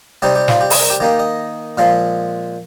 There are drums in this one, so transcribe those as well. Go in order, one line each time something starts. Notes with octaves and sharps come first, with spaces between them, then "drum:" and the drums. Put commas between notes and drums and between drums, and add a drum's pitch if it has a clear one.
C3 G3 C4 D#4 G4
G4
F4, drum: snare
G4
G#4, drum: open hi-hat
A#4
G4
D#3 A#3 D#4 G4
D#5
A#2 F3 G#3 F5